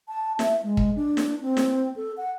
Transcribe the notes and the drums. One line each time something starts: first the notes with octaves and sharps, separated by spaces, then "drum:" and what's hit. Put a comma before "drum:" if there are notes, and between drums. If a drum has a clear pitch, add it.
A5
E5, drum: snare
G#3
drum: kick
D4
drum: snare
C4
drum: snare
A4
F#5